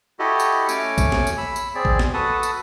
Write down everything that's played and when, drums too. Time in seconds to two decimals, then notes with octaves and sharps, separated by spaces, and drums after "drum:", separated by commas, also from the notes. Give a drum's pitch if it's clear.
0.19 E4 F#4 G4 A4 D#5
0.40 drum: tambourine
0.69 A3 C#4 C#5 G#5 D6, drum: tambourine
0.98 drum: kick A#1, tambourine
1.12 drum: snare
1.27 drum: tambourine
1.38 B5 E6
1.56 drum: tambourine
1.75 C4 G#4 D5
1.85 drum: kick A#1
1.99 drum: snare
2.14 F#4 A4 B4 A5 D#6
2.43 drum: tambourine